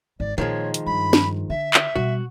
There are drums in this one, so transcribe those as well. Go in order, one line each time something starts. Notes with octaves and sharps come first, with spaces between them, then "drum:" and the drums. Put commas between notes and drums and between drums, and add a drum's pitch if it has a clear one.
G#1 D5
A#2 D#3 F3 G#3 C#5
drum: hi-hat
G2 B5
drum: snare
D3 E5
drum: clap
B2 G3 F#4